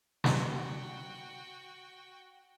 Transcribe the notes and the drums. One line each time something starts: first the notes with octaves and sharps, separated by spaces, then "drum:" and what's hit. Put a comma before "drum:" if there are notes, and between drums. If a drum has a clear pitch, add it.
F#4 G5, drum: snare